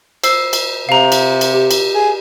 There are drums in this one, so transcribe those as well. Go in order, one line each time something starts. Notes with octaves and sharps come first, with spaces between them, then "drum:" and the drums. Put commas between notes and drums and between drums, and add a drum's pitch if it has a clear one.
C5 E6 C7, drum: cymbal
drum: cymbal
C3 F5 A#5
drum: cymbal
drum: cymbal
G4
drum: cymbal
G#4